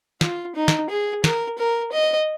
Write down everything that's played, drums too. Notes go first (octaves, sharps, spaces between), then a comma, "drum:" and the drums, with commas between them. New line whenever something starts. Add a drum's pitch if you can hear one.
F4, drum: snare
D#4
drum: snare
G#4
A#4, drum: snare
A#4
D#5